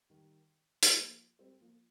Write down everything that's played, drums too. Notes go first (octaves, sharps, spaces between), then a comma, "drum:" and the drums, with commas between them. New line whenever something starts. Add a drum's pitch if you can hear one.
D#3 G3
drum: hi-hat
F3 A#3
G3 C4
F3 A#3